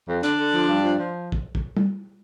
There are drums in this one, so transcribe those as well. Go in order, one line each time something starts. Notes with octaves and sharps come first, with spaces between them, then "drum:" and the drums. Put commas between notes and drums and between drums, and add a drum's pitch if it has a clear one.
F2
D3 D4, drum: hi-hat
D3
F3
G2
F3
F3
drum: kick
drum: kick
drum: tom